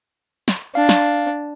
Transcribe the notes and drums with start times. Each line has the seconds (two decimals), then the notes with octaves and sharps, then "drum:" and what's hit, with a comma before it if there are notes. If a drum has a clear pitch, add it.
0.48 drum: snare
0.75 D4 F5
0.89 drum: snare